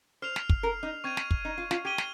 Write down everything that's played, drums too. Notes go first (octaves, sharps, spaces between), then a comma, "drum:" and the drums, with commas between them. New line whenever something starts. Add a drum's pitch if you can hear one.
C5 F6 C7 F7
drum: snare
drum: kick
A#4
D#4
C4 C#6 G#6 D#7
drum: snare
drum: kick
D#4
F4
F4, drum: snare
G4 G#6 D#7 G7
drum: snare